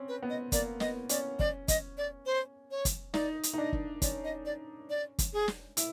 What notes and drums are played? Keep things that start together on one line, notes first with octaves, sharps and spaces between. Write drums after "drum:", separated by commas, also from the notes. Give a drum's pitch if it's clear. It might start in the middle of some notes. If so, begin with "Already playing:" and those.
Already playing: C4 C#4
B4
B3
D#5
A#3 D5, drum: kick, hi-hat
B3 D#5, drum: snare
C#4 D5, drum: hi-hat
D5, drum: kick
D#5, drum: kick, hi-hat
D5
C5
C#5
drum: kick, hi-hat
D#4 D5, drum: snare
drum: hi-hat
D#4
D4 D#5
drum: kick
C#4 D5, drum: kick, hi-hat
D#5
D5
D5
drum: kick, hi-hat
G#4
drum: snare
E4, drum: hi-hat